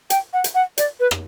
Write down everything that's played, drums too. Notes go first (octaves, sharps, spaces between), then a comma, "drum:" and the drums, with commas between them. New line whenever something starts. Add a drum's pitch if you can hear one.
G5, drum: hi-hat
F#5
drum: hi-hat
F#5
D5, drum: hi-hat
B4
drum: rim click